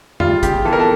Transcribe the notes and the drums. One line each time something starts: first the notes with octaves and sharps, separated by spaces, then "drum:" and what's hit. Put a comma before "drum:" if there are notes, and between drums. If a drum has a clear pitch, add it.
G3 F4, drum: tom F2
C#3 G4, drum: kick, hi-hat
E3 A4
A#4
A4